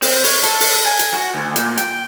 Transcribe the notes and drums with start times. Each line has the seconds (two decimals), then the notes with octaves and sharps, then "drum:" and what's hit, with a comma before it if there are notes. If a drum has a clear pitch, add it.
0.02 C4, drum: open hi-hat
0.24 C#5, drum: open hi-hat
0.43 A4, drum: hi-hat
0.60 drum: open hi-hat
0.85 G#5
0.99 drum: hi-hat
1.14 F#4
1.35 D2
1.56 A#2, drum: hi-hat
1.77 G5, drum: hi-hat